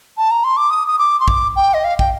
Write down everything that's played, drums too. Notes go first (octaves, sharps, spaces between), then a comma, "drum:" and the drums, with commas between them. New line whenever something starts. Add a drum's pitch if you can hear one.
A5
A#5
C6
D6
D#6
D#6
D6
C6
D6, drum: kick
G5
D#5
F5
G5, drum: kick